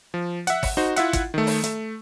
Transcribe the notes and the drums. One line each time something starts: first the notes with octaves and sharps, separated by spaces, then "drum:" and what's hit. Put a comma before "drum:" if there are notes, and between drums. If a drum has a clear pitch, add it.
F3
E5 F#5, drum: hi-hat
drum: kick, open hi-hat
D#4 F#4 C5 C6
E4 F4 E5 F#5, drum: hi-hat
drum: kick, hi-hat
D#3 A3
drum: open hi-hat
A3, drum: hi-hat